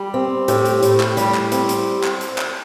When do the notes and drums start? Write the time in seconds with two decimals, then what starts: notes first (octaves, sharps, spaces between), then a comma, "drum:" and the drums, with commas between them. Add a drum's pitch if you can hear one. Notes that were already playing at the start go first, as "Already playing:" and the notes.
Already playing: G3
0.14 C4
0.48 A2 G4, drum: hi-hat
0.65 drum: hi-hat
0.83 A2, drum: hi-hat
1.00 drum: clap
1.17 G3, drum: hi-hat
1.35 drum: clap
1.52 C4, drum: hi-hat
1.69 drum: hi-hat
2.04 drum: clap
2.21 drum: hi-hat
2.38 drum: clap